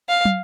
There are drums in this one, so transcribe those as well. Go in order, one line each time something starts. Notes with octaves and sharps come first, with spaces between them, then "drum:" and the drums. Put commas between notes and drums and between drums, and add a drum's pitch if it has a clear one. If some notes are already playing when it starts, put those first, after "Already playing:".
F5
drum: tom